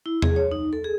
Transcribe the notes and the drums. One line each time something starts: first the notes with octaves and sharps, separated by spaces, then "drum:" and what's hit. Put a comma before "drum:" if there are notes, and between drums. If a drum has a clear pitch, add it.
E4
G#4, drum: tom E2
C#5
D#4
A4
G#4